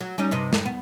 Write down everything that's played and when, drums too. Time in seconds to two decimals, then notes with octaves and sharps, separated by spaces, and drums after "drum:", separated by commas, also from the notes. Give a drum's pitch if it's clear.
0.01 F#3
0.18 G3 C#4 D#4
0.31 G2 C3 D#4
0.53 G2, drum: snare
0.66 B3